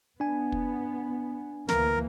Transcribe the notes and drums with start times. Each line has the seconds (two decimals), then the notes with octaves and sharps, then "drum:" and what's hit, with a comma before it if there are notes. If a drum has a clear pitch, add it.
0.20 B3 D4 G#5
0.52 drum: kick
1.68 D2 E3 A#3 A#4, drum: snare